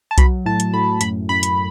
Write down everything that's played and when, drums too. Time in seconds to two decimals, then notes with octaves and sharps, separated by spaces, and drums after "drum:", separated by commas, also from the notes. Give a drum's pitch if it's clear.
0.11 A5
0.18 F#3 B5, drum: kick B1, hi-hat
0.46 A2 A5
0.60 drum: hi-hat
0.74 A2 B5
1.01 F#2 B5, drum: hi-hat
1.29 F#2 B5
1.43 drum: hi-hat